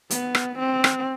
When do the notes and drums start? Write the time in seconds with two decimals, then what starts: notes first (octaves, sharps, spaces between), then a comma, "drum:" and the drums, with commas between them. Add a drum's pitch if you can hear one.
0.11 B3, drum: hi-hat
0.35 drum: rim click
0.59 C4
0.84 drum: rim click